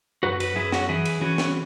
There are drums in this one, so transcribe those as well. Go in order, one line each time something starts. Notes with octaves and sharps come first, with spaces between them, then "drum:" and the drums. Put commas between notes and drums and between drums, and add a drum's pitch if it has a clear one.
F#2 F#4 B4
F#4 B4, drum: cymbal
F#2 E4 G#4
C#4 F#4, drum: snare
E3 E4 G#4
drum: cymbal
E3 C#4 F#4
drum: snare